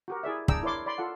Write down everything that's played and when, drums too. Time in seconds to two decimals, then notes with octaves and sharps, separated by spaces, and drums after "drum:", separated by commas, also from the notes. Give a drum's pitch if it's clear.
0.08 F#4 G4 A#4
0.23 E4 G#4 D5 E5
0.48 D4 G#4 D5 G5 A#5 E6, drum: kick
0.63 E4 A#4 C#5 D5 C6 D6
0.86 D5 B5 C6
0.98 F4 A4 F#5